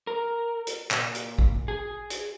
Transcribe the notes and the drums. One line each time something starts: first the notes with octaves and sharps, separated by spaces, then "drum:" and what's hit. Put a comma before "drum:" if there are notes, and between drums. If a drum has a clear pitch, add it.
A#4
drum: hi-hat
A#2, drum: clap
drum: hi-hat
drum: kick A1
G#4
drum: hi-hat